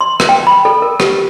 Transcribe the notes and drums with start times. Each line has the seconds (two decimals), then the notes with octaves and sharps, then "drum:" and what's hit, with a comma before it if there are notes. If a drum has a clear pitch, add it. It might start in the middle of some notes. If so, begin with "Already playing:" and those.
0.01 C6
0.20 drum: rim click
0.29 G5
0.47 B5
0.65 A4
0.82 A#4
1.00 G4, drum: rim click